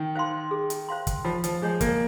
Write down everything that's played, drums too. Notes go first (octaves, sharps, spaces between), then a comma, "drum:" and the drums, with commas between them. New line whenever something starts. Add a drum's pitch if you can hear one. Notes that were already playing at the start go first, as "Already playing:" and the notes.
Already playing: D#3
C5 F5 C6
G#4
drum: hi-hat
C5 F5 C6
drum: kick, hi-hat
F3 F4
F3, drum: hi-hat
G#3 G#4 C#5 G#5
A#3, drum: kick, hi-hat